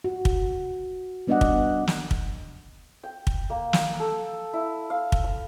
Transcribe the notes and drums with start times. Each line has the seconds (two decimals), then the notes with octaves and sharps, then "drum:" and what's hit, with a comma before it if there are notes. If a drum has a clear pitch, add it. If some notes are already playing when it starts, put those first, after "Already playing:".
0.04 F#4
0.25 drum: kick
1.27 G3 B3 D4 D5 D#5 F#5
1.41 drum: kick
1.87 drum: snare
2.11 drum: kick
3.03 G5
3.27 drum: kick
3.50 A#3
3.73 drum: snare
4.00 A4
4.53 E4
4.90 F5
5.12 drum: kick
5.24 E6